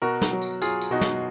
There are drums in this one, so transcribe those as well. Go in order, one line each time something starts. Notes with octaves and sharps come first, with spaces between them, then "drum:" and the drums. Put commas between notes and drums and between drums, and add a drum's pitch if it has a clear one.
B2 F#4 A#4
drum: snare
F#3
drum: tambourine
F#3 F4 G#4, drum: tambourine
drum: tambourine
B2 D#4 F#4
drum: snare